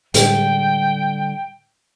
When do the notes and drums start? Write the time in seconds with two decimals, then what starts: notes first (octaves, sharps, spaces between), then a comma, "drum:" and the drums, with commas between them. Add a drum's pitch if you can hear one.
0.14 A2 D3 G3 G#3 G5, drum: hi-hat